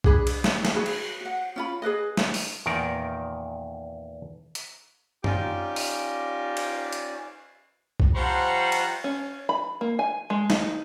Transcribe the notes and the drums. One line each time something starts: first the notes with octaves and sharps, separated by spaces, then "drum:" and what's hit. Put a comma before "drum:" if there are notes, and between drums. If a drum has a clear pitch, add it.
D4 G#4 B4, drum: kick B1
drum: cymbal
drum: snare
drum: snare
F#4 G#4 B4
drum: cymbal
F#4 F#5
C#4 F4 B5
G#4 A#4 B4 D#5
drum: snare
drum: open hi-hat
E2 A#2 D#3 A#4 D5
drum: hi-hat
C#4 D#4 F4 G4 D5, drum: tom F#2
drum: open hi-hat
drum: cymbal
drum: hi-hat
drum: kick B1
F3 G3 C5 C#5 F#5 A#5
drum: cymbal
C#4
B5
A#3
G#5
G#3
D#4, drum: snare